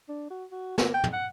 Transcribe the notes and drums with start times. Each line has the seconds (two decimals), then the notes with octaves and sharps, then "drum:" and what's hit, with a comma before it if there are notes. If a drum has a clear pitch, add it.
0.09 D4
0.30 F#4
0.51 F#4
0.78 A#3, drum: snare
0.94 G5
1.04 drum: tom
1.13 F#5